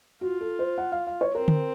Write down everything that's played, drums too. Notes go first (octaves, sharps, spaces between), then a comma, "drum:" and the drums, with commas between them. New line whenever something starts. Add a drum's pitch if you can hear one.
F4 F#4
A4
C5
F#5
F5
F5
C#5
C4 A#4
drum: tom D3